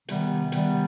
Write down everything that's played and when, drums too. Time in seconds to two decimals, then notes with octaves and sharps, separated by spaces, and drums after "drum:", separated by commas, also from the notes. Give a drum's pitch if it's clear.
0.08 C3 D#3 G3 B3, drum: hi-hat
0.52 C3 D#3 G3 B3, drum: hi-hat